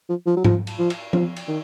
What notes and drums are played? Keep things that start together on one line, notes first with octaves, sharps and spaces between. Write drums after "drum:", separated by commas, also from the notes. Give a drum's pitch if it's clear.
F3
F3
F#3
F3, drum: tom G#2
drum: cymbal
F3
drum: cymbal
F3, drum: tom F3
drum: cymbal
D#3